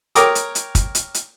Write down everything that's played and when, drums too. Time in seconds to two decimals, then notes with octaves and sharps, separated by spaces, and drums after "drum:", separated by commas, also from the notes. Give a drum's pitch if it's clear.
0.15 A#4 C#5 G5 A#5 D6 D#6, drum: hi-hat
0.35 drum: hi-hat
0.55 drum: hi-hat
0.75 drum: kick, hi-hat
0.95 drum: hi-hat
1.14 drum: hi-hat